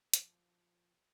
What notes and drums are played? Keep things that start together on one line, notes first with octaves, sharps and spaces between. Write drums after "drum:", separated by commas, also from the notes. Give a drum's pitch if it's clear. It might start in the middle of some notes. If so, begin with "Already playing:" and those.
A#2 F3, drum: hi-hat